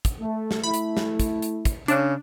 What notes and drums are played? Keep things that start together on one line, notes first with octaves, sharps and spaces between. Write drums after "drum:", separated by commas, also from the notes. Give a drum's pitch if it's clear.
drum: kick, hi-hat
A3
drum: snare
A3 E4 B5
drum: hi-hat
drum: snare
drum: kick, hi-hat
drum: hi-hat
drum: kick, hi-hat
C#3 D4, drum: hi-hat